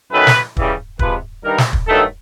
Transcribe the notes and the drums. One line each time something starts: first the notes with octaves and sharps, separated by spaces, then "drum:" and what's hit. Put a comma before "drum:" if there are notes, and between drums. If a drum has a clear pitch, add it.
F#2 D#3 F#3 A3 B4
drum: snare
C#3 E3 G3, drum: kick
C3 F3 G#3 B4, drum: kick
G2 D#3 G3 A#4
drum: snare
drum: kick
G2 D#3 F#3 A3 A4